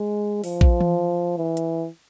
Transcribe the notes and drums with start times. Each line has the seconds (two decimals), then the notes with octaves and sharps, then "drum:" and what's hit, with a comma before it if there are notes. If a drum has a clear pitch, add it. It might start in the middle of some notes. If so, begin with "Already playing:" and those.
Already playing: G#3
0.44 F3, drum: open hi-hat
0.61 drum: kick
0.81 drum: tom E3
1.37 E3
1.57 drum: hi-hat